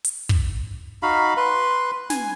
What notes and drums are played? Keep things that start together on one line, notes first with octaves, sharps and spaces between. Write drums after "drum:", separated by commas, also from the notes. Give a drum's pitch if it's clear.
drum: hi-hat
drum: kick
D#4 F#4 F5 B5
B4 C6
G#5, drum: snare